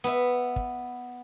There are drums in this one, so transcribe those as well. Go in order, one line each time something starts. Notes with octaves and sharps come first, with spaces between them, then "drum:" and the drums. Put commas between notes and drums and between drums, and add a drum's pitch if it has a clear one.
B3 E5, drum: hi-hat
drum: kick